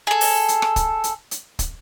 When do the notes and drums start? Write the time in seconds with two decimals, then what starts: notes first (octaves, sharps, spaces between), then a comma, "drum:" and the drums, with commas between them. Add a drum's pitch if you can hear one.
0.07 G#4 A4
0.21 drum: open hi-hat
0.48 drum: hi-hat
0.62 drum: rim click
0.76 drum: kick, hi-hat
1.04 drum: hi-hat
1.31 drum: hi-hat
1.59 drum: kick, hi-hat